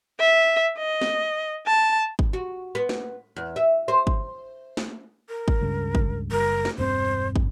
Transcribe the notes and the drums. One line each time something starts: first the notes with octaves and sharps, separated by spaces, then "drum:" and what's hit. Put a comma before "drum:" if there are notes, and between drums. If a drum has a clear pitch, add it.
E5
D#5
drum: snare
A5
drum: kick
F#4
B3
drum: snare
E2
E5
C5
drum: kick
drum: snare
A#4
drum: kick
C#2 G2 C#3
drum: kick
F#1 G3 A#4
drum: snare
E1 G2 C4 C5
drum: kick